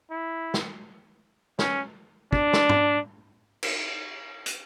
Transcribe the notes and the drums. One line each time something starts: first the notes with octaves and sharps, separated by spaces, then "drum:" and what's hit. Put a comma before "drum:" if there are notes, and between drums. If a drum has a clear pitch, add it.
E4
drum: snare
C#4, drum: snare
D4, drum: kick
drum: snare
drum: tom
drum: cymbal
drum: hi-hat